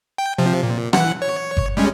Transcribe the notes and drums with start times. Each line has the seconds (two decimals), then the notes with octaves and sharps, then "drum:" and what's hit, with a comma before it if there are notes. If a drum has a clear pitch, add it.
0.18 G5
0.38 C3 F3
0.63 A#2
0.93 E3 F#5, drum: rim click
1.22 C#5
1.57 drum: kick G1
1.77 G3 G#3 C#4